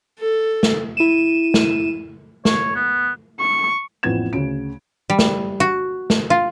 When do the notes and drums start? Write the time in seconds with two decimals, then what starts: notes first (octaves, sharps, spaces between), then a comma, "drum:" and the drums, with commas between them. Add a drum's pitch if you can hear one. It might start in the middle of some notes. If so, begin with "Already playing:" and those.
0.19 A4
0.63 drum: snare
0.97 E4 D#7 E7
1.54 drum: snare
2.45 C#5, drum: snare
2.75 B3
3.41 C#6
4.03 A1 F2 F3 B3 G#6 E7
4.33 D2 C#3 D7
5.10 G3
5.19 drum: snare
5.60 F#4
6.10 drum: snare
6.30 F4